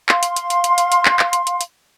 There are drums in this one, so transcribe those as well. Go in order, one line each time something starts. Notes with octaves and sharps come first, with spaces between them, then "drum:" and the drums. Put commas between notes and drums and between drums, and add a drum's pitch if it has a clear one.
F5 C6, drum: clap
drum: hi-hat
drum: hi-hat
drum: hi-hat
drum: hi-hat
drum: hi-hat
drum: hi-hat
drum: clap
drum: clap
drum: hi-hat
drum: hi-hat
drum: hi-hat